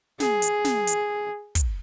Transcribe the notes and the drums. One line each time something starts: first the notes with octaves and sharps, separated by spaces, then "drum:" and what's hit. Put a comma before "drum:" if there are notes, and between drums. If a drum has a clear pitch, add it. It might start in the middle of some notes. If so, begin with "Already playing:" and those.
G#4, drum: snare
drum: hi-hat
drum: snare
drum: hi-hat
drum: kick, hi-hat